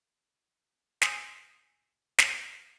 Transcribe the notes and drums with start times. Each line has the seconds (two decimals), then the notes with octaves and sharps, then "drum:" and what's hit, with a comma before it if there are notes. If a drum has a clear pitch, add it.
1.02 G#5 C6 D#6 E6 G6, drum: snare
2.18 drum: snare